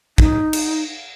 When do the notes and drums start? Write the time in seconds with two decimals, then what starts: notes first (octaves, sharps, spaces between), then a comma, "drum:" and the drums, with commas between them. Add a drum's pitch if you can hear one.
0.18 D#4, drum: kick
0.53 drum: cymbal